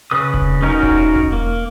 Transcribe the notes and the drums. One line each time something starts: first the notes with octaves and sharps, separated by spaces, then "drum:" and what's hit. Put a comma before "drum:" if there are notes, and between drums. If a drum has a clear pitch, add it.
C#3 B4 D#6
drum: kick E1
C#4 D#4 F#4 A#4
drum: kick E1
drum: kick E1
A#3